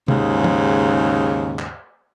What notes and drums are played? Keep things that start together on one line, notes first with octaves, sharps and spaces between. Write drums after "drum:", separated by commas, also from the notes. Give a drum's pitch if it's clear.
D#2 G#2 C#3, drum: tom C3
drum: tom
drum: clap